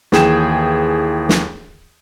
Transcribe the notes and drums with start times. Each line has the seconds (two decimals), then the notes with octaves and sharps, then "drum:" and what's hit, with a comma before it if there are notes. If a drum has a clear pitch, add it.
0.12 D#2 E3 G#4 G5 E7, drum: snare
1.29 drum: snare